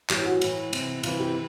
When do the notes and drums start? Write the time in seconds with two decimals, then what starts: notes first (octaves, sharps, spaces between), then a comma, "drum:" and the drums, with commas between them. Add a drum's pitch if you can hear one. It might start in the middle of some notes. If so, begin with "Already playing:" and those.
0.10 A2 E3 G4, drum: clap
0.25 F#4
0.41 A2 E3, drum: cymbal
0.73 C3 E3, drum: cymbal
1.03 C3 E3 F4, drum: cymbal
1.19 G4